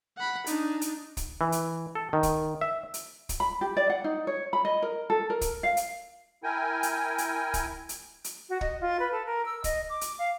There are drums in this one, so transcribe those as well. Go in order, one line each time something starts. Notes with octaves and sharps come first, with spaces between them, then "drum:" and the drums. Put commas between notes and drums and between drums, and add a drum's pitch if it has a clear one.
F#5 B5
D4 D#4, drum: hi-hat
drum: hi-hat
drum: kick, hi-hat
E3
drum: hi-hat
A4
D#3
drum: kick, hi-hat
E5
drum: hi-hat
drum: kick, hi-hat
B5
G4
D5
F#5
D#4
C#5
B5
D#5
A#4
A4
A#4
drum: kick, hi-hat
F5
drum: hi-hat
E4 A#4 G5 G#5
drum: hi-hat
drum: hi-hat
drum: kick, hi-hat
drum: hi-hat
drum: hi-hat
F#4
D#5, drum: kick
F4
B4
A4
A#4
E6
D#5, drum: kick, hi-hat
D6
drum: hi-hat
F5